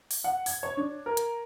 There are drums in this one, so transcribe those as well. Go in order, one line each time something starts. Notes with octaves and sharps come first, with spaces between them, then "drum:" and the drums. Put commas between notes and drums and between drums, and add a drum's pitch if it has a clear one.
drum: open hi-hat
F#5
G#6, drum: open hi-hat
C#5
D4
A#4
drum: hi-hat